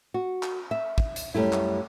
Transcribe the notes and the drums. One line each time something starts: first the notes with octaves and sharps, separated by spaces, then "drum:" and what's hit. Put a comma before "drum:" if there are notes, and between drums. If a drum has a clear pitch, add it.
F#4
drum: clap
E5
drum: kick
drum: hi-hat
F#2 G3 A3 E4
drum: clap